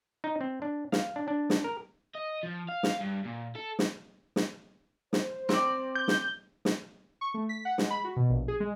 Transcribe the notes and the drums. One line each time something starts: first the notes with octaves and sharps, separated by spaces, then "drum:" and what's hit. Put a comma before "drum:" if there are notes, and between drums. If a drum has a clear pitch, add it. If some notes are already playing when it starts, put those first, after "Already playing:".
D#4
C4
D4
F5, drum: snare
D4
D4
drum: snare
A#4
D#5
F3
F5
drum: snare
G2
A#2
A4
drum: snare
drum: snare
C5, drum: snare
C4 D5, drum: snare
G6
drum: snare
drum: snare
C#6
A3
B6
F#5
G#3, drum: snare
B5
F#4
B2
A#1
G#4
G#3